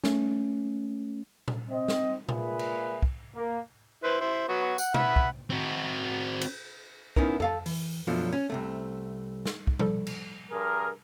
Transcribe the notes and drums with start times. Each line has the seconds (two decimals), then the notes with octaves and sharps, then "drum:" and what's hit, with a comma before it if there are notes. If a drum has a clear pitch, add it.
0.04 A3 C#4, drum: snare
1.48 drum: tom A#2
1.69 C4 D#5
1.88 drum: snare
2.29 A#2 G#3 F4 G#4 B4 E5, drum: tom A#2
2.59 drum: cymbal
3.02 drum: kick
3.35 A#3
4.04 E4 B4 C5
4.21 E4 C5
4.48 F#3 B3 F#4
4.78 F#5, drum: tambourine
4.94 E5 F#5 B5, drum: tom B2
5.16 drum: kick
5.50 C4 F#4
6.41 drum: cymbal
7.16 B3 C#4 D#4 E4 A#4, drum: kick
7.40 A4 F5 A5, drum: tom F2
7.66 E3, drum: open hi-hat
8.07 F#2 B2 F3 F#3 A3 D4
8.33 C#4
8.50 C2 C3 A3
9.46 drum: snare
9.67 drum: kick
9.79 F3 G3 A4, drum: tom B2
10.07 drum: cymbal
10.52 G2 G#4 A#4